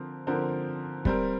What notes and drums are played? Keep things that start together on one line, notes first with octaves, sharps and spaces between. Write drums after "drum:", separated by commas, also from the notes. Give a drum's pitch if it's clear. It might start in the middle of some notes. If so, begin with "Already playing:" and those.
Already playing: D3 F3 C4 A#4
D3 F3 C4 A#4
G3 C4 A#4, drum: kick